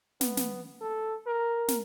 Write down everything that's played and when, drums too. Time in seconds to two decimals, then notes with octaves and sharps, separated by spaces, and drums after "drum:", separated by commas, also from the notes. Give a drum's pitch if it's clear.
0.21 B3, drum: snare
0.37 drum: snare
0.81 A4
1.27 A#4
1.68 drum: snare